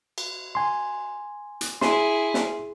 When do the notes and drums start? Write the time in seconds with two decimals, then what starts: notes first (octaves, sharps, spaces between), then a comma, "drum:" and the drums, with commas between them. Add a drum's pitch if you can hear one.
0.18 drum: cymbal
0.55 G#5 C6
1.61 drum: hi-hat
1.81 E4 G#4 C6, drum: snare
2.34 drum: snare